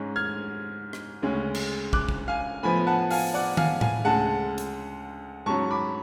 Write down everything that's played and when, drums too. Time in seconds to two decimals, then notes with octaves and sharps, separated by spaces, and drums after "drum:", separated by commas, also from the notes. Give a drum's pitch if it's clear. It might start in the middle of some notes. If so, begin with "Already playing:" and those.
Already playing: G#2 G#3 C#4
0.16 F6 G#6
0.93 drum: rim click
1.22 D2 C#3 G#3 C#4
1.55 drum: cymbal
1.93 D6 F#6, drum: kick
2.09 drum: kick
2.28 F5 G#5
2.63 A2 F3 B3 G#5 B5
2.87 F#5 A5
3.11 F5 G#5, drum: open hi-hat
3.34 D5 F#5
3.57 F5 G#5, drum: tom D#3
3.81 F5 G#5, drum: tom A2
4.05 D2 C#3 G#3 F#5 A5
4.58 drum: hi-hat
5.46 G#2 F#3 C#4 A5 C#6
5.71 B5 D6